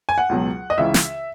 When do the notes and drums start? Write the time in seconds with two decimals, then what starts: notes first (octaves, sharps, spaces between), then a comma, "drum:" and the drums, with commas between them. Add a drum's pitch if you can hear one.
0.09 G#5
0.18 F#5
0.29 C#2 B2 F#3
0.70 D#5
0.78 C#2 C#3 E3 E5
0.94 drum: snare